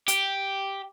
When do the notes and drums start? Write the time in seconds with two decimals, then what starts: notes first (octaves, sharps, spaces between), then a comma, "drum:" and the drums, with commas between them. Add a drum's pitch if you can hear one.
0.08 G4, drum: hi-hat